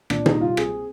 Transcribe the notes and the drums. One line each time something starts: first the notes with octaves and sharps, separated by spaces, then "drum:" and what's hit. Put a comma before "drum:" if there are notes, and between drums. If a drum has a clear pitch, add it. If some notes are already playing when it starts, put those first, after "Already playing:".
A#2 D4, drum: rim click
D#4, drum: tom
G3
F4
C4 G#4, drum: rim click